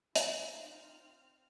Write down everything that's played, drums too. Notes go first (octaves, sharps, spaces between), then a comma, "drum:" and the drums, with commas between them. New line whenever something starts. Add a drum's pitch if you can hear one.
D#4 F4 A#4 F5, drum: hi-hat
C4 F6